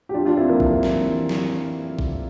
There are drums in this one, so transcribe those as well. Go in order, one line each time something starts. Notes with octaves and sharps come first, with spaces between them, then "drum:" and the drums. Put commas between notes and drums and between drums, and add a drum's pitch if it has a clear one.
G4
F2 D4 F4
D4 F4
F2 C4 E4
A#3 D4
G3, drum: kick A#1
E3, drum: snare
drum: snare
drum: kick A#1